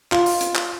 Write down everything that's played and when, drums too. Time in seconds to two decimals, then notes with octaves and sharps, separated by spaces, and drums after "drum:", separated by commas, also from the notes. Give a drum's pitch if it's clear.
0.12 F4, drum: clap
0.26 drum: open hi-hat
0.41 drum: hi-hat
0.55 drum: clap